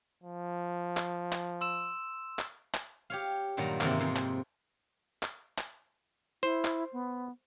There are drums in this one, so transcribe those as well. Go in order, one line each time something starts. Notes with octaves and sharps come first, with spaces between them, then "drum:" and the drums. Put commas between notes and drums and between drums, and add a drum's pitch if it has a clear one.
F3
drum: clap
drum: clap
C6 E6 E7
drum: clap
drum: clap
G4 C#5 F5
G2 A#2 D#3 F#3 A#3
G#2 C3 D#3 E3 A#3, drum: clap
F2 C3 G#4 C6
drum: clap
drum: clap
drum: clap
E4 C5
drum: clap
B3